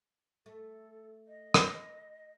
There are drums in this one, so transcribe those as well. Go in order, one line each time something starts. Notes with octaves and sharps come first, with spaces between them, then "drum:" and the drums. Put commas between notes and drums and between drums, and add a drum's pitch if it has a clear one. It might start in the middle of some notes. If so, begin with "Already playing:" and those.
A3 A4
D#5
drum: rim click